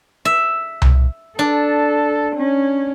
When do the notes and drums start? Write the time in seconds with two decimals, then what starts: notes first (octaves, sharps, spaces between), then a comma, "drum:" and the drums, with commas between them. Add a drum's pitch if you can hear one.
0.25 E5
0.82 drum: tom C2
1.39 D4 A4
2.36 C#4